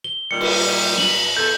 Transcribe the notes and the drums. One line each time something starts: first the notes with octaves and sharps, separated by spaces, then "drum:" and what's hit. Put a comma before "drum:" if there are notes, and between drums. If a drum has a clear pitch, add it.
G7
A#2 D#3 G3 C#7
drum: cymbal
F#7, drum: snare
E2 A4 G6